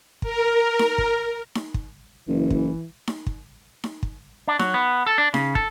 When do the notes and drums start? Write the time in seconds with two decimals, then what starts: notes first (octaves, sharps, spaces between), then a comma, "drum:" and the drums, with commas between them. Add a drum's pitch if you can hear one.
0.22 A#4, drum: kick
0.79 drum: snare D#4
0.98 drum: kick
1.55 drum: snare D#4
1.74 drum: kick
2.28 F#1 E3
2.50 drum: kick
3.08 drum: snare D#4
3.27 drum: kick
3.84 drum: snare D#4
4.03 drum: kick
4.48 D4
4.59 F#3, drum: snare D#4
4.74 B3
5.06 A4
5.18 D4
5.34 C#3, drum: snare D#4
5.55 A4, drum: kick